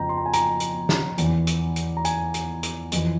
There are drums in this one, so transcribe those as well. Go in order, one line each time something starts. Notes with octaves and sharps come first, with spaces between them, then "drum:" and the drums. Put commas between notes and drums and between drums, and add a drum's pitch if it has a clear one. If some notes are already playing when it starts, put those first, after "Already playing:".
Already playing: F2 C#3 F3 G5 A#5
C6
A#5
G#5
A#5, drum: hi-hat
drum: hi-hat
drum: snare
E2 E3, drum: hi-hat
drum: hi-hat
drum: hi-hat
A#5
G#5, drum: hi-hat
drum: hi-hat
drum: hi-hat
F2 E3, drum: hi-hat